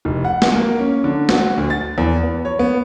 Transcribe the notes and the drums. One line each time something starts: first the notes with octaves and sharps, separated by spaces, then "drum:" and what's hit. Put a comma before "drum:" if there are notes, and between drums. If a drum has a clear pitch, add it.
F1
F#5
drum: snare
A#3
C#4
D3
F#4, drum: snare
D2
A6
E2
B3
C#5
B3